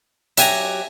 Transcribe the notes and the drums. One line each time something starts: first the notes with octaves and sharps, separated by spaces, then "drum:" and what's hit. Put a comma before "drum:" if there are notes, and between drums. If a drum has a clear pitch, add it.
F#3 G4 E5 G#5 A#5, drum: hi-hat